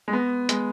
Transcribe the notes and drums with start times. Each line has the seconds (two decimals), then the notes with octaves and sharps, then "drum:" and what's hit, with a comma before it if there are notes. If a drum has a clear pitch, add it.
0.08 G#3
0.13 B3
0.49 G#3, drum: hi-hat